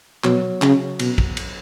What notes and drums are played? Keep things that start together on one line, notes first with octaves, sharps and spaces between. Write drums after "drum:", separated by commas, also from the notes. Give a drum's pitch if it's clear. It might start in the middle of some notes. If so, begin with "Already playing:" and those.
B2 F#3, drum: clap
C#3, drum: clap
B2, drum: cymbal
drum: kick A1
drum: cymbal